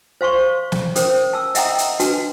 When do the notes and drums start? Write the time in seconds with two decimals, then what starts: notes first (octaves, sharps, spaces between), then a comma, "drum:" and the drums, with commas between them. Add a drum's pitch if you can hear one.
0.21 C5 F5 C6 C#6
0.72 drum: snare
0.96 C#4 A#4 C5 D#6, drum: hi-hat
1.33 A5 E6
1.55 D#5 E5 F#5 G5 A#5 D#6, drum: hi-hat
1.78 drum: hi-hat
2.00 D4 F#4 B4 A5, drum: hi-hat